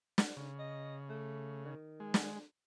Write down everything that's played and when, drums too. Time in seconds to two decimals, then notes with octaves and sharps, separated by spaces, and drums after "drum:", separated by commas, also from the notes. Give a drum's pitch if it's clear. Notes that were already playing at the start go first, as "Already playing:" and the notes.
0.18 drum: snare
0.37 C#3
0.59 D#5
1.10 A3
1.65 D#3
2.00 G#3
2.14 drum: snare